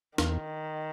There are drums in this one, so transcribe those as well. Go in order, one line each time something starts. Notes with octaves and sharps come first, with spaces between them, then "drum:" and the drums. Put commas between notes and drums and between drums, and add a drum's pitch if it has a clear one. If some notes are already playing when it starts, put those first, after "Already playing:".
E2 D#3, drum: snare